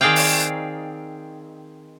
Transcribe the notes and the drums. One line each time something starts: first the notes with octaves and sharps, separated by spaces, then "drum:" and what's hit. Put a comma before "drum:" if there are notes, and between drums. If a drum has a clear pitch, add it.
D#3 C4 G#4 D5 F5 G5
drum: open hi-hat